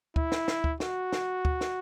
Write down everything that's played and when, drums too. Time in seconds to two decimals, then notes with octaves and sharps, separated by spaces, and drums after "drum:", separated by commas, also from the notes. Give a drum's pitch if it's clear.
0.16 E4, drum: kick
0.32 drum: snare
0.48 drum: snare
0.64 drum: kick
0.80 F#4, drum: snare
1.12 drum: snare
1.45 drum: kick
1.61 drum: snare